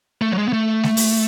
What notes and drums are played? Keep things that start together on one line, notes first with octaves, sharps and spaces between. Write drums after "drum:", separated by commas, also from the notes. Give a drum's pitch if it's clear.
A3
F#3
G#3
B3
A3
drum: snare G#3
drum: open hi-hat